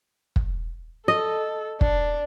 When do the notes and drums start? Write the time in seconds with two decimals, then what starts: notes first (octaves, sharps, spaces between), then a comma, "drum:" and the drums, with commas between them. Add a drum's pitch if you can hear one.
0.36 drum: kick
1.08 A4 D#5
1.81 D4, drum: kick